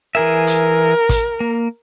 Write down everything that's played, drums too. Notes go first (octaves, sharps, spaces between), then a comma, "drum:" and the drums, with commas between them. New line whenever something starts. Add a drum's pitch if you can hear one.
E3 G#4 A#4 E5
drum: hi-hat
drum: kick, hi-hat
A#3